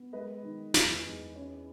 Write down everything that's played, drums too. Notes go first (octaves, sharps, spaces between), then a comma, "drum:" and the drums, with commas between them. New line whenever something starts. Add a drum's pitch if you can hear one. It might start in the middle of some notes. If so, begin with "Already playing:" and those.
Already playing: B3
G#3 B4 D#5
D#3
E2, drum: snare
E2
C#4